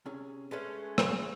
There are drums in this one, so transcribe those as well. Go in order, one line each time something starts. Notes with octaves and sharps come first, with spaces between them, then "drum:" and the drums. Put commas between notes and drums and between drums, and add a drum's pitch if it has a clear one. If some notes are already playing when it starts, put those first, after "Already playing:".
C3 C#4 G#4
G#3 A3 C#4 A4 B4 E5
drum: rim click